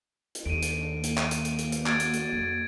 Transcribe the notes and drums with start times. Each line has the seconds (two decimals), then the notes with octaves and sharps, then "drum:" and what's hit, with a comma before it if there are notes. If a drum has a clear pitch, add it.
0.35 drum: hi-hat
0.46 D#2 D4 A4 D7 D#7
0.63 drum: hi-hat
0.93 A#3
1.04 drum: hi-hat
1.17 drum: clap
1.31 drum: hi-hat
1.45 drum: hi-hat
1.59 drum: hi-hat
1.72 drum: hi-hat
1.86 F#4 G#6 A6 D7, drum: clap
2.00 drum: hi-hat
2.14 drum: hi-hat
2.33 F2